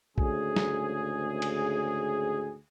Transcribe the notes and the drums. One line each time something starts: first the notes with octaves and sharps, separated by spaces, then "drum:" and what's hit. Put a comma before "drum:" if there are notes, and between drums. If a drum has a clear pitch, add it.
D2 G#2 C#3 G#4, drum: kick A#1
drum: snare
drum: cymbal